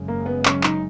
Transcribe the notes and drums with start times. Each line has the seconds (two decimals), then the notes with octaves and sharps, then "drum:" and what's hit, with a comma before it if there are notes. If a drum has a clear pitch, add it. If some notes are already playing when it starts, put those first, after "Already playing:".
Already playing: F#1 F#2 C#3 G#3
0.08 A#3
0.26 B3
0.45 C#4, drum: clap
0.63 D#4, drum: clap